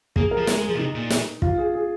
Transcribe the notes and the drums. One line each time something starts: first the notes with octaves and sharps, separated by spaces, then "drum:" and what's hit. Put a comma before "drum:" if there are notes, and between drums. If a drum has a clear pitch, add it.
A#3 G#4, drum: kick
A#4
F3
G#3 A#4, drum: snare
G#3
G#4
F3
A#2
C3 D#4
A#2
drum: snare
F4, drum: kick
G#4
G#4